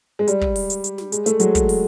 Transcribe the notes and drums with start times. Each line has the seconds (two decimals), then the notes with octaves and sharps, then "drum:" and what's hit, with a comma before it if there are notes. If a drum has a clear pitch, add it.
0.19 G#3
0.28 G3, drum: hi-hat
0.41 drum: kick
0.56 drum: open hi-hat
0.70 drum: hi-hat
0.84 drum: hi-hat
0.98 drum: snare
1.12 G#3, drum: hi-hat
1.26 A3, drum: hi-hat
1.40 F#3 G#3, drum: hi-hat
1.55 drum: kick, hi-hat
1.69 drum: open hi-hat